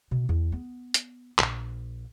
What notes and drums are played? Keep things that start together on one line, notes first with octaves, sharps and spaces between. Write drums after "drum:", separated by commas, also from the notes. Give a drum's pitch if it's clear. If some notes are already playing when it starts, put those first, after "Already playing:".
B2
E2
B3
drum: hi-hat
A#1, drum: clap